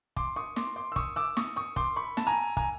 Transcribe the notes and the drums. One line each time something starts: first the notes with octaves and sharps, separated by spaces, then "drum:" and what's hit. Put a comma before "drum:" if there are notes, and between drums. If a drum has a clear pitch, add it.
C6 D6, drum: kick
C#6 D#6
C6 D6, drum: snare
C6 D6
E6
C#6 D#6, drum: kick
D6 E6
C#6 D#6, drum: snare
C#6 D#6
C6 D6, drum: kick
B5 C#6
A5, drum: snare
G#5 A#5
G#5 A#5, drum: kick